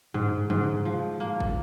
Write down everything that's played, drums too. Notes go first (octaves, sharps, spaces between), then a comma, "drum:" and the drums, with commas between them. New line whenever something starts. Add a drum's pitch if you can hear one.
G#2, drum: tom
G#2, drum: tom
F3
A#3
drum: kick